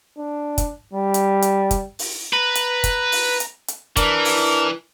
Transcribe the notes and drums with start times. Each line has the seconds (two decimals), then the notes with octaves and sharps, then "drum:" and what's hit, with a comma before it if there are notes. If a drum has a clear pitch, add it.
0.18 D4
0.58 drum: kick, hi-hat
0.93 G3
1.14 drum: hi-hat
1.42 drum: hi-hat
1.71 drum: kick, hi-hat
1.99 drum: open hi-hat
2.33 B4 A#5
2.55 drum: hi-hat
2.84 drum: kick, hi-hat
3.12 drum: open hi-hat
3.40 drum: hi-hat
3.68 drum: hi-hat
3.97 E3 D4 A#4, drum: kick, hi-hat
4.25 drum: open hi-hat